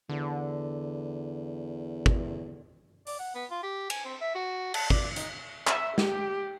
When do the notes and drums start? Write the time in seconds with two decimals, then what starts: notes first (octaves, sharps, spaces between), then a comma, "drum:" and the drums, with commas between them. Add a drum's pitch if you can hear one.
0.09 E2 D3
2.06 drum: kick
3.07 D5, drum: open hi-hat
3.19 F#5
3.35 B3
3.51 F4
3.63 G4
3.90 G#5, drum: cymbal
4.05 C4
4.21 E5
4.35 F#4
4.74 A5, drum: cymbal
4.90 D5, drum: kick
5.16 D#4, drum: hi-hat
5.67 E5, drum: clap
5.98 G4, drum: snare